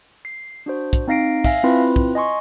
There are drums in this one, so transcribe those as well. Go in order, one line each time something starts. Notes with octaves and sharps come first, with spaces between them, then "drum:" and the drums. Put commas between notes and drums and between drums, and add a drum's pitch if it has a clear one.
C7
D4 F#4 C5
drum: kick, hi-hat
C4 D#4 F5 A#6 C7 D7
E5 F5 G#5 A#6, drum: kick, open hi-hat
C4 E4 F4 B4
drum: kick
D#5 G#5 C6 C#6